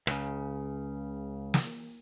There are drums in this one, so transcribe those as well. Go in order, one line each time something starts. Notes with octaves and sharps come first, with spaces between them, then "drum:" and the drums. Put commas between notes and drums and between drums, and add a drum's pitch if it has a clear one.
C#2 C#3, drum: rim click
drum: snare